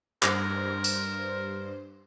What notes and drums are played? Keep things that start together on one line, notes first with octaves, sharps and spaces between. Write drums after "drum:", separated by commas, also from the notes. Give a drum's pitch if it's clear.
G2 A#4 C5, drum: clap
drum: tambourine